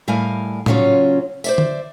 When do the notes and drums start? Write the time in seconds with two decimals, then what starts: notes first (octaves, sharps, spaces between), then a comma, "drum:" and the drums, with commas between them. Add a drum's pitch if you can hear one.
0.08 A2 G3 A#4 F5 G#5
0.66 A#2 C#3 F#3 C#4 F4, drum: tom A2
1.44 C5 D5 E5, drum: tambourine
1.58 drum: tom D3